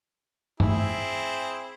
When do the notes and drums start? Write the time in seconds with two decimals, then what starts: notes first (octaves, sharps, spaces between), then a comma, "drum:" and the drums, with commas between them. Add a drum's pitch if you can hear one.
0.60 C4 E4 G#4, drum: tom G2